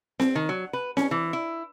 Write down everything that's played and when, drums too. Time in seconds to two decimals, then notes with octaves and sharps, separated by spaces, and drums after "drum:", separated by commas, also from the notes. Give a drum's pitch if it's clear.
0.20 C4, drum: snare C4
0.35 D#3
0.49 F#3
0.73 B4
0.97 C#4, drum: snare C4
1.11 E3
1.33 E4